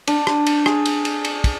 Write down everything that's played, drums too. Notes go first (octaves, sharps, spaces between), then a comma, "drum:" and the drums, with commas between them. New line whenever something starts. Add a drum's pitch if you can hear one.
D4, drum: cymbal
drum: rim click
drum: cymbal
G#4, drum: rim click
drum: cymbal
drum: cymbal
drum: cymbal
drum: kick, cymbal